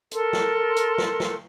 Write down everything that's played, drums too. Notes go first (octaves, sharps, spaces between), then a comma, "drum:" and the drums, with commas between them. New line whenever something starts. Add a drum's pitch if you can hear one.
A4 A#4 C6, drum: hi-hat
drum: snare
drum: hi-hat
drum: snare
drum: snare